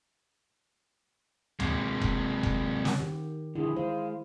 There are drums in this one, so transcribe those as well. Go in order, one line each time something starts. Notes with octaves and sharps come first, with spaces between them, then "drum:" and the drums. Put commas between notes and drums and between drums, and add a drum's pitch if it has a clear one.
C3 G#3, drum: tom D2
drum: kick F1
drum: kick F1
drum: snare
D#3 G4
D3 F3 E4 G#4
G#3 C5 F5